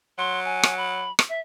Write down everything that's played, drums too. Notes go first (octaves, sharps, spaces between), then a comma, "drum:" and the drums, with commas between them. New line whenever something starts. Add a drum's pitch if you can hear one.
F#3 C6
G#5
drum: rim click
B5
drum: rim click
E5